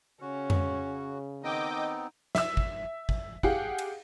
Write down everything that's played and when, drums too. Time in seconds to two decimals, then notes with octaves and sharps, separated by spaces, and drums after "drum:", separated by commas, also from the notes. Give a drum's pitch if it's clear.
0.21 C#3 C#4 F#4
0.50 drum: tom F2
1.43 D#3 B3 C4 D#4 D#5 G5 D6
2.35 E5 E6, drum: snare
2.57 drum: kick
3.09 drum: kick
3.43 G4 G#4 F5 F#5, drum: kick
3.78 drum: cymbal